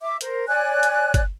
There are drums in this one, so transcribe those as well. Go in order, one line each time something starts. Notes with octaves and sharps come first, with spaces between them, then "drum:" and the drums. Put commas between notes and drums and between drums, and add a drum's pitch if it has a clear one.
E5 D6
A#4 C5, drum: hi-hat
C#5 D5 G#5 F#6
drum: hi-hat
drum: kick F#1, hi-hat